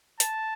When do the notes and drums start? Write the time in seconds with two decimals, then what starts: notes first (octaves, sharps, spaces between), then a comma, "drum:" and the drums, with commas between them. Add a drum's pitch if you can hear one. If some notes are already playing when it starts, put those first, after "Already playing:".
0.20 A5, drum: hi-hat